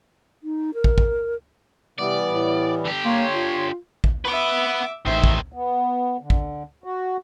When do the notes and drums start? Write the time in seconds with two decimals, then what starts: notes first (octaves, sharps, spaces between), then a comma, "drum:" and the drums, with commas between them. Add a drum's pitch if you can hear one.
0.43 D#4
0.74 A#4
0.84 drum: kick
0.98 drum: kick
1.99 C3 E3 G3 B3 D5
2.31 A2
2.85 D3 G4
3.05 A#3 C#5 C6
3.33 F4
4.04 drum: kick
4.25 B3 B4 E5 D6
5.06 A1 D#3 C5 E5
5.24 drum: kick
5.53 B3
6.21 D3
6.30 drum: kick
6.84 F#4